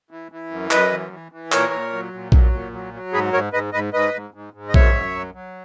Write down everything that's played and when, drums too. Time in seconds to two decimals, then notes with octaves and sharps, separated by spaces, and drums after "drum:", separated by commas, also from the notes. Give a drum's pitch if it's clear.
0.11 E3
0.32 E3
0.51 F#2
0.71 F#2 B4 D#5, drum: clap
0.91 E3
1.12 E3
1.32 E3
1.52 A#2 A#4 C#5, drum: clap
1.72 A#2
1.93 F#3
2.13 A#2
2.32 F#3, drum: kick A#1
2.53 A#2
2.72 F#3
2.94 F#3
3.13 G#2 G#4 B4
3.33 G#2 A#4 C#5
3.53 G#2 B4 D#5
3.73 G#2 B4 D#5
3.93 G#2 B4 D#5
4.14 G#2
4.34 G#2
4.54 G#2
4.69 D#5
4.74 F#2 C#5 E5, drum: kick A#1
4.95 F#2
5.15 F#3
5.34 F#3